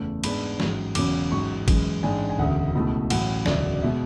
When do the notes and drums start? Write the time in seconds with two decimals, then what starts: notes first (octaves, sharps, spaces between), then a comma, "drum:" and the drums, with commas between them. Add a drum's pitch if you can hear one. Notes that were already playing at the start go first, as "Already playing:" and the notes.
Already playing: F#1 E2 C#3 E3 A3
0.24 G#2 G#3 B3 D4 B5, drum: cymbal
0.60 A1 G#2 F#3, drum: snare
0.95 E1 E2 C#3 F#3 C#4 D6, drum: cymbal
1.32 A1 G#2 F#3 C#6
1.68 F#2 E3 G#3, drum: kick, cymbal
2.03 A1 G#2 G#3 D4 G#5
2.30 G#5
2.38 E1 D2 C#3 F#5
2.75 C#2 B2 A3 E4
3.10 A1 A2 F#3 F#5, drum: cymbal
3.46 E1 D2 C#3 F#3 D5, drum: snare
3.73 D5
3.82 B2 G#3 E5